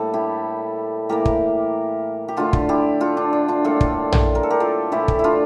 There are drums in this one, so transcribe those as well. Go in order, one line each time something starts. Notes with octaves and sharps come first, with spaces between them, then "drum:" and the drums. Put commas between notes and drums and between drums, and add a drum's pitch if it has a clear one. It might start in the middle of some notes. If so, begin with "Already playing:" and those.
Already playing: A2 G3 A#3 A4
E4 G4
A2 E3 A#3 G4 A#4
drum: kick
G4
D3 A3 F4 A4
drum: kick
E4 G4
F4 A4
D4
D4
D4 F4
A2 G3 A#3 F4 A4
drum: kick
drum: tom A#1
A#4
A4
G4 A#4
F4 A4
A2 E3 A3 E4 G4
drum: kick
E4
D4 F4